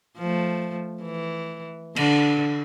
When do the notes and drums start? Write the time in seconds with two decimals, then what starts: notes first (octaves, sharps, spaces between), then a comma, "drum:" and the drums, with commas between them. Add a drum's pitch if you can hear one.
0.18 F3 A3
1.03 E3
1.96 D3, drum: cymbal